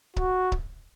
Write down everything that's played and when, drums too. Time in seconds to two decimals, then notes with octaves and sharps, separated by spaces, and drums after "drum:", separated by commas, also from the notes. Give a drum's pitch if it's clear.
0.16 F#4, drum: kick C#1
0.52 drum: kick C#1